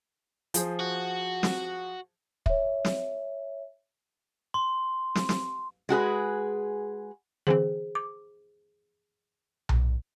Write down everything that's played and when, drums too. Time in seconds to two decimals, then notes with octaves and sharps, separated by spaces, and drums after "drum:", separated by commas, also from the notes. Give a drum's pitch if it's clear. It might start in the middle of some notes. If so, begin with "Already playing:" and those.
0.54 F3 G#4 C5, drum: hi-hat
0.80 F#4
1.43 drum: snare
2.46 C#5 E5, drum: kick
2.85 drum: snare
4.54 C6
5.15 drum: snare
5.29 drum: snare
5.89 G#3 F#4 G#4 B4
7.47 D3 E3 C4 G#4 C5
7.95 D6
9.69 drum: tom B1